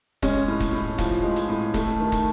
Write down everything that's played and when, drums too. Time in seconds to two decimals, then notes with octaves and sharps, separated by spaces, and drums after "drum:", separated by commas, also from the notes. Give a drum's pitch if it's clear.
0.22 G#3 C#4, drum: kick, hi-hat
0.48 A2
0.60 drum: kick, hi-hat
0.73 A2
0.98 F3, drum: kick, hi-hat
1.23 G#3
1.36 drum: hi-hat
1.49 A2
1.74 A3, drum: kick, hi-hat
2.00 D#3
2.12 drum: kick, hi-hat